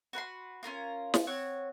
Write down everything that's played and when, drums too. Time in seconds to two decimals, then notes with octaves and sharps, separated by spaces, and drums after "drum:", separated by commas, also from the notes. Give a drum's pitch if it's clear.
0.13 F#4 B4 B5 C6
0.63 C#4 F4 A#4 F5
1.14 drum: snare
1.27 C4 C#5 F#5